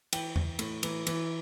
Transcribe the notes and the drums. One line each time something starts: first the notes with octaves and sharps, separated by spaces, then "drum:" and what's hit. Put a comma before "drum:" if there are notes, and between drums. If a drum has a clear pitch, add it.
E3 G5, drum: cymbal
E3, drum: tom E2
A2, drum: cymbal
E3, drum: cymbal
E3, drum: cymbal